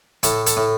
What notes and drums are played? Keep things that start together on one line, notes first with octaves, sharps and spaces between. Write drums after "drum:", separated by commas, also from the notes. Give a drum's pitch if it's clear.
A2 A4, drum: hi-hat
A4, drum: hi-hat
A2